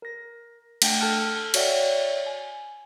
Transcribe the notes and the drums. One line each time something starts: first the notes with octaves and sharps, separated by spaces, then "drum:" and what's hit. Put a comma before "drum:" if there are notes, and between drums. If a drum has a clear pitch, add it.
A#4 A#6
A3 D4 F#5 G5 G6 D7, drum: cymbal
A4 A5 F6 F#6
F#4 C#5 D5 E5 F#5 G5, drum: cymbal
G#5